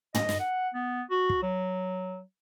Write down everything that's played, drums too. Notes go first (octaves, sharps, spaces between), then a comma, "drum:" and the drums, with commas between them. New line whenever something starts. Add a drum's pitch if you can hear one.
D#5, drum: tom
drum: snare
F#5
B3
F#4
drum: kick
F#3